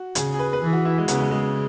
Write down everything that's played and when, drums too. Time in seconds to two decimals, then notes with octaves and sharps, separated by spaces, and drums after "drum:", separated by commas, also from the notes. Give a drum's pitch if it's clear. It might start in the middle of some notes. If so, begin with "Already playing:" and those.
Already playing: F#4
0.15 C#3 G#4, drum: hi-hat
0.34 G#4
0.39 B4
0.53 B4
0.62 E3 G#4
0.73 F#4
0.85 E4
0.98 G#3
1.08 C#3 B3, drum: hi-hat
1.19 G#3
1.31 G#3